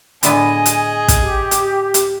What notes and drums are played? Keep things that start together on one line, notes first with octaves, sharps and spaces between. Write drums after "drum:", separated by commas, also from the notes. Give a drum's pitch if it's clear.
A2 D3 B3 G#4 D#5 G#5, drum: hi-hat
drum: hi-hat
drum: kick, hi-hat
G4
drum: hi-hat
drum: hi-hat